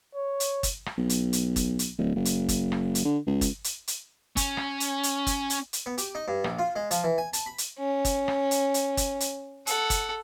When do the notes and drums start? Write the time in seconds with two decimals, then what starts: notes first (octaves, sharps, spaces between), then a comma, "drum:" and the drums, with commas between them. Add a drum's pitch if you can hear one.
0.15 C#5
0.40 drum: hi-hat
0.63 drum: kick G1, hi-hat
0.86 drum: rim click
0.98 B1
1.10 drum: hi-hat
1.33 drum: hi-hat
1.56 drum: kick G1, hi-hat
1.79 drum: hi-hat
1.98 D1
2.16 F#1
2.25 drum: hi-hat
2.49 drum: kick G1, hi-hat
2.72 drum: rim click
2.95 drum: hi-hat
3.05 D3
3.27 C#2
3.41 drum: kick G1, hi-hat
3.64 drum: hi-hat
3.88 drum: hi-hat
4.37 C#4, drum: kick G1, hi-hat
4.57 drum: rim click
4.80 drum: hi-hat
5.03 drum: hi-hat
5.27 drum: kick G1, hi-hat
5.50 drum: hi-hat
5.73 drum: hi-hat
5.86 B3
5.98 G4, drum: hi-hat
6.15 D#4
6.28 G2
6.44 A#1, drum: rim click
6.59 F4
6.76 G#3
6.91 F3, drum: hi-hat
7.04 E3
7.18 G#5
7.33 A5, drum: hi-hat
7.46 B5
7.58 drum: hi-hat
7.78 C#4
8.05 drum: kick G1, hi-hat
8.28 drum: rim click
8.51 drum: hi-hat
8.74 drum: hi-hat
8.97 drum: kick G1, hi-hat
9.20 drum: hi-hat
9.67 A4 F#5, drum: hi-hat
9.90 drum: kick G1, hi-hat